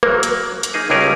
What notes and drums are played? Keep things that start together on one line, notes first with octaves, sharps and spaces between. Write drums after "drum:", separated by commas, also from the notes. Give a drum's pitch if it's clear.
F#3 A#3, drum: rim click
drum: hi-hat
drum: hi-hat
A#3 D#4 G#4
C#2 F#3 G3 C#4 G#4 A#4